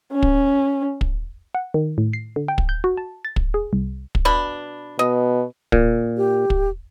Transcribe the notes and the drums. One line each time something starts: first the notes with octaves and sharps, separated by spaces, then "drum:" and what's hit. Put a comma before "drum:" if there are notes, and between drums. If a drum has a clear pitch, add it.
C#4
drum: kick
drum: kick
F#5
D#3
A2
C7
D3
G5
drum: kick
G6
F#4
A5
A6
drum: kick
G#4
C2
drum: kick
B2 D4 B5
B2 D#5
A#2, drum: kick
G4
drum: kick